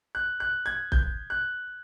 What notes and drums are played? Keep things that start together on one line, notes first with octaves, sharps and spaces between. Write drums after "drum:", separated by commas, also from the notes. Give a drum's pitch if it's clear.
F#6
F#6
G#6
G6, drum: kick
F#6